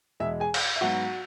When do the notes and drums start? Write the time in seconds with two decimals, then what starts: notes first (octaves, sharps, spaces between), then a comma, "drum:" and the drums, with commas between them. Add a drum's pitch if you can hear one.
0.20 E2 B2 G#3 E5
0.40 G#4 G#5
0.54 drum: cymbal
0.76 E5
0.81 G#2 F#3 B3 F#4 F#5